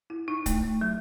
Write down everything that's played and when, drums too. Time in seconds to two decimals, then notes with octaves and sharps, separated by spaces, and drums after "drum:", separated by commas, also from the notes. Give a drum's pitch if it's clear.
0.10 E4
0.28 D#4
0.46 A3, drum: kick, hi-hat
0.64 A3
0.81 F#3